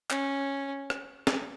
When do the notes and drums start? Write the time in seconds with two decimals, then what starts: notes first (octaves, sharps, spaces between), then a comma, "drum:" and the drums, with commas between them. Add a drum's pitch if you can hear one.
0.10 C#4, drum: clap
0.90 drum: rim click
1.27 drum: snare